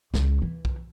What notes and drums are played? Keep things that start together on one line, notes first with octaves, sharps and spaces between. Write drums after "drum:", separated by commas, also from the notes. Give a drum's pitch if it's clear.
C#2, drum: snare
E3
drum: kick